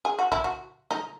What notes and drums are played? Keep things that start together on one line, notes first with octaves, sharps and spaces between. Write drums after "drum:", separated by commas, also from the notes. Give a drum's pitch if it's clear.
G#4
F#4
E4, drum: kick
F#4
D#4, drum: snare